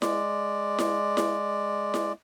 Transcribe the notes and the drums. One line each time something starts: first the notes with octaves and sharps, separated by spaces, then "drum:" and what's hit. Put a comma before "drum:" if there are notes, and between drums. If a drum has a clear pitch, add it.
G#3 D5, drum: snare E4
drum: snare E4
drum: snare E4
drum: snare E4